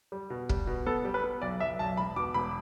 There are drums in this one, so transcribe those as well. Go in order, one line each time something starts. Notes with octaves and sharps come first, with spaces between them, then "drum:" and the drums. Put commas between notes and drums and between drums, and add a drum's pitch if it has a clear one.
G3
B2
G3, drum: kick
B2
B3 A4
G3
B4
B3
B1 D5
B1 E5
B1 A5
E1 B5
B2 D6
E1 B5